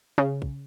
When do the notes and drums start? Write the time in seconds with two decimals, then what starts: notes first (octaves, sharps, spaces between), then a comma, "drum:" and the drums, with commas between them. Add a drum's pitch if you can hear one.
0.18 C#3
0.42 drum: kick